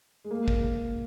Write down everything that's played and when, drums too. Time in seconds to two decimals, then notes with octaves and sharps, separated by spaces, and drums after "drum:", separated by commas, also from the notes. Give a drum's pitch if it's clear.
0.25 G#3
0.31 A#3
0.48 drum: kick